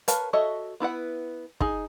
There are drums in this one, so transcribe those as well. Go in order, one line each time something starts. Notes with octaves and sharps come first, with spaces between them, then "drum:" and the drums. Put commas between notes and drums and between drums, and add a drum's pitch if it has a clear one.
A#4 B4 C#5 F5 A5, drum: hi-hat
F#4 A4 C#5 D#5 E5
B3 E4 B4 F#5
D#4 G#4, drum: kick